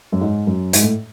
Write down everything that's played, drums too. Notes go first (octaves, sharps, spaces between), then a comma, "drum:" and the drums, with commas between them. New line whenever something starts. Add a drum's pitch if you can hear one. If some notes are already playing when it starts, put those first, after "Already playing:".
F#2
G#2
F#2
G#2, drum: hi-hat
A2